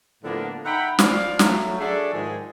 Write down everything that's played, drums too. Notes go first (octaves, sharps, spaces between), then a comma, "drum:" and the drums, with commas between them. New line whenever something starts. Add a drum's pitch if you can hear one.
A2 D3 F3 A#3 B3 D4
D#4 E5 F#5 G5 B5
F3 F4 D5 F5, drum: snare
F#3 A3, drum: snare
D4 F#4 G#4 A4 D5 E5
G#2 D#3 F3 G#3 G#4